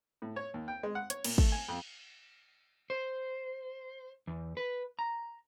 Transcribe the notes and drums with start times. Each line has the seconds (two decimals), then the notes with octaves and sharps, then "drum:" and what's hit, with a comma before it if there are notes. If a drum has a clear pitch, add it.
0.22 A2
0.36 C#5
0.54 D#2
0.68 G5
0.83 G#3
0.95 F#5
1.10 C#5, drum: hi-hat
1.24 A#2, drum: cymbal
1.38 A3, drum: kick
1.52 G#5
1.68 F2
2.90 C5
4.27 E2
4.57 B4
4.99 A#5